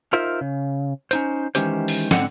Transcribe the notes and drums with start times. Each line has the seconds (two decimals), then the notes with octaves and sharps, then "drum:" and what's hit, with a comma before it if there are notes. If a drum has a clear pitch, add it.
0.13 D#4 F4 A#4 C5 E5
0.41 C#3
1.11 C#4 D#4 C5, drum: hi-hat
1.55 D#3 E3 G#3 C#4 G4 C5, drum: hi-hat
1.88 drum: open hi-hat
2.11 G#2 D3 C4 F#5, drum: snare